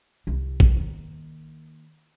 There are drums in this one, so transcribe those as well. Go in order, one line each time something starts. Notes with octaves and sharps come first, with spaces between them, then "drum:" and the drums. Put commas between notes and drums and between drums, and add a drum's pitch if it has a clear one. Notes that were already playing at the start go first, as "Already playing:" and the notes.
C2
drum: kick
D#3 A#3